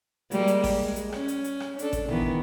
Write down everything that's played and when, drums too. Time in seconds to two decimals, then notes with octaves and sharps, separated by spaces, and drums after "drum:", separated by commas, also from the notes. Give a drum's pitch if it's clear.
0.31 G3 G#3 A#3, drum: hi-hat
0.47 drum: hi-hat
0.64 drum: kick A1, open hi-hat
0.84 G#3
0.96 drum: hi-hat
1.13 C#4, drum: rim click
1.28 drum: hi-hat
1.44 drum: hi-hat
1.60 drum: rim click
1.79 D4 A4, drum: hi-hat
1.93 drum: kick A1, hi-hat
2.08 D#3 E3 B3, drum: tom G#1